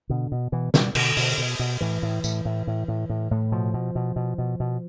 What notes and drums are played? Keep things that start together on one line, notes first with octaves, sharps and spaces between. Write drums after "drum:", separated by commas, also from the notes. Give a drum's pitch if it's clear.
B2 D3
B2
B2 E3
B2 G3, drum: snare
B2 D3, drum: cymbal
B2, drum: open hi-hat
B2
B2
A2 E3
A2
A2, drum: tambourine
A2
A2
A2
A2
A2
B2 F3
B2
B2
B2
B2
B2